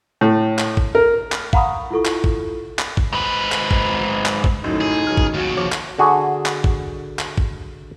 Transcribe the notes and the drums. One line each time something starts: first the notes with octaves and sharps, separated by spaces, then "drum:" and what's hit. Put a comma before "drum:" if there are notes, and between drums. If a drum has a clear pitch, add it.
A2
drum: clap
drum: kick
A#4
drum: clap
F5 F#5 A#5 B5 C#6 D#6, drum: kick
E4 F4 A4 C#6
drum: clap
drum: kick
drum: clap
drum: kick
G#2 B4
drum: clap
drum: kick
drum: clap
drum: kick
F#2 A2 D#3 F#3 D#4
G#4
C#2 F#3 F6
drum: kick
D#2 C#3 F#4
F3 C#5 D6
drum: clap
D3 F#4 G#4
drum: clap
drum: kick
drum: clap
drum: kick